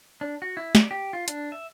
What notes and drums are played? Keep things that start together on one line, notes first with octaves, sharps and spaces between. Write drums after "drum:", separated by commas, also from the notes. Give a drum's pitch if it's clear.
D4
F#4
E4
D5, drum: snare
G4
F4
D4, drum: hi-hat
E5